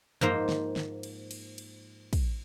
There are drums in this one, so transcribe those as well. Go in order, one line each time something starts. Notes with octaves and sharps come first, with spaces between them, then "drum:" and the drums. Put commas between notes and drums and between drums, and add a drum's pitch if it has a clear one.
G#2 F3 A#3 C5 A#5, drum: tom F#2
drum: snare
drum: snare
drum: cymbal
drum: cymbal
drum: cymbal
drum: kick, cymbal